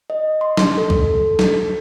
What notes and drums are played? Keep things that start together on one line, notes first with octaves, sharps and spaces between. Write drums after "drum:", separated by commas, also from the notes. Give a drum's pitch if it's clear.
D#5
C6
drum: snare
A4
drum: kick C2
drum: snare